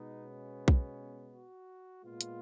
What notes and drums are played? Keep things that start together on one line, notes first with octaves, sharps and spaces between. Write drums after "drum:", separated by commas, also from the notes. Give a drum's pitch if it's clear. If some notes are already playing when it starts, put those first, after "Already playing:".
Already playing: B2 G#3 B3 D#4
C#4
drum: kick B1
F#4
A#2 G#3 B3 F4
drum: hi-hat